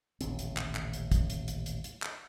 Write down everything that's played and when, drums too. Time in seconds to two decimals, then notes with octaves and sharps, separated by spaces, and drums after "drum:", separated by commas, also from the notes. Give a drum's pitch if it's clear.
0.21 D#1 A1 C#3 C4, drum: hi-hat
0.39 drum: hi-hat
0.57 drum: clap
0.75 drum: clap
0.93 drum: hi-hat
1.11 drum: kick, hi-hat
1.30 drum: hi-hat
1.48 drum: hi-hat
1.66 drum: hi-hat
1.84 drum: hi-hat
2.02 drum: clap